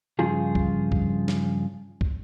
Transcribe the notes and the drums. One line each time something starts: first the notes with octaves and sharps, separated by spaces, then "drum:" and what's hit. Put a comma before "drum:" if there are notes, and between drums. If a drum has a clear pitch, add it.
G2 C#3 F3 F4 G#4
drum: kick
drum: kick
drum: snare
drum: kick